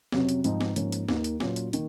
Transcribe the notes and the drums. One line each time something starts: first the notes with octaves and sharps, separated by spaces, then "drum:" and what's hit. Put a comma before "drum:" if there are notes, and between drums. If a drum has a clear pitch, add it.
F2 C3 F#3 C#4, drum: snare
drum: hi-hat
G#2 F3 C4 D#4, drum: hi-hat
drum: snare
G#2 F3 A#3 C#4, drum: hi-hat
drum: hi-hat
D#2 D#3 A#3 D#4, drum: snare
drum: hi-hat
A#2 F#3 C#4 F4, drum: snare
drum: hi-hat
D#3 A#3, drum: hi-hat